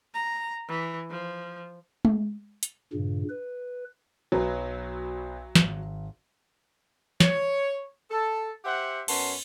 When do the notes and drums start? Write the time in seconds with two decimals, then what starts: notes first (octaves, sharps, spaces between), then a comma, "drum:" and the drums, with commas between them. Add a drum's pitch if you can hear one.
0.14 A#5
0.68 E3
1.10 F3
2.05 drum: tom G#3
2.63 drum: hi-hat
2.93 G2 A#2 C#3
3.29 B4
4.32 B1 F#3 B4 A#5
5.55 G#1, drum: snare
7.20 C#5, drum: snare
8.11 A4
8.64 G4 C5 E5 F#5
9.08 F#2 B3 C#4 A5 C6, drum: cymbal